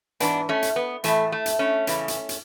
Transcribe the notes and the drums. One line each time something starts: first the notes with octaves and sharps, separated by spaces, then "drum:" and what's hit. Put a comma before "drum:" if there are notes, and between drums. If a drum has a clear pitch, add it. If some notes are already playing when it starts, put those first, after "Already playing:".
G#2 E3 B3 D4, drum: hi-hat
A3 C#4
drum: hi-hat
B3
A2 E3 A3, drum: hi-hat
A3
drum: hi-hat
A3 C#4
E2 C#3 E3, drum: hi-hat
drum: hi-hat
drum: hi-hat